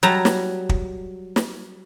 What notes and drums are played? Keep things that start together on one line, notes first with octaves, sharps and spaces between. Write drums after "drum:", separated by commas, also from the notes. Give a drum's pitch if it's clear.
F#3 G3 A5 A#5
drum: snare
drum: kick
drum: snare